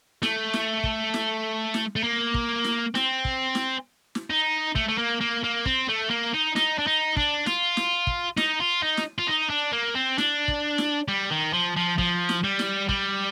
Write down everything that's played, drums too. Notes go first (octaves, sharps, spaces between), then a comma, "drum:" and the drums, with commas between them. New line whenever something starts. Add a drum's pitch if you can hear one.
A3, drum: snare
drum: snare
drum: kick
drum: snare
drum: snare
A3
A#3
drum: kick
drum: snare
C4, drum: snare
drum: kick
drum: snare
drum: snare
D#4
A3, drum: kick
A3
A#3
A#3
A#3
C4, drum: kick
A3
A#3
D#4
D#4, drum: snare
D4
D#4
D4, drum: kick
F4, drum: snare
drum: snare
drum: kick
D#4, drum: snare
F4
D#4
drum: snare
F4
D#4
D4
A#3
C4
D4, drum: snare
drum: kick
drum: snare
G3
D#3
F3
F3
F3, drum: kick
drum: snare
G3
drum: snare
G3, drum: kick